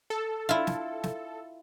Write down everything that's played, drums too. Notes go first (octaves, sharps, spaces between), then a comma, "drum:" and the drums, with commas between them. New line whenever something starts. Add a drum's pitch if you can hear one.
A4
E4 F4
drum: snare
drum: snare